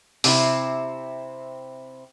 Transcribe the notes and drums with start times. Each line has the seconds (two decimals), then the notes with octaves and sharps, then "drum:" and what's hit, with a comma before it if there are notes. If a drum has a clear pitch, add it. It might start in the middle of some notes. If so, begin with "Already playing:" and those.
0.24 C3 C4 E4, drum: open hi-hat